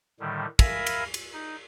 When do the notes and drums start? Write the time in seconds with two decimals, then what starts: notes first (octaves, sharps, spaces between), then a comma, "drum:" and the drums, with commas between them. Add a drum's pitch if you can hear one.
0.20 A2 D3 D#3 G3
0.59 A#4 E5 F5 G#5 A#5 B5, drum: kick, cymbal
0.87 drum: cymbal
1.14 drum: cymbal
1.33 D#4